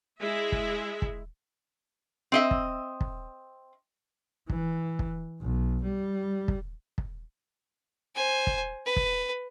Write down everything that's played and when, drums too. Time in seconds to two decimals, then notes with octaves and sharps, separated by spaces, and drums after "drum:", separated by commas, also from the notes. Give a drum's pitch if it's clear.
0.20 G#3 E4 G#4 E5
0.52 drum: kick
1.02 drum: kick
2.32 C4 D#5 E5
2.51 drum: kick
3.01 drum: kick
4.50 E3, drum: kick
4.99 drum: kick
5.42 B1
5.84 G3
6.48 drum: kick
6.98 drum: kick
8.15 C5 G#5
8.47 drum: kick
8.86 B4
8.96 drum: kick